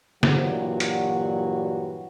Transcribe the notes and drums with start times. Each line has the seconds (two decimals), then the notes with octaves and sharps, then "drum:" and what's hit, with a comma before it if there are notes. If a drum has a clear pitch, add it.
0.23 G2 A#2 E3 F#3 G3 F#4, drum: snare
0.80 drum: hi-hat